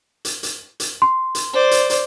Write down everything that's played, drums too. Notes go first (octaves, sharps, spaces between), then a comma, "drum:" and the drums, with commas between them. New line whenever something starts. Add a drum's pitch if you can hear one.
drum: hi-hat
drum: hi-hat
drum: hi-hat
C6
drum: hi-hat
C5 D5
drum: hi-hat
drum: hi-hat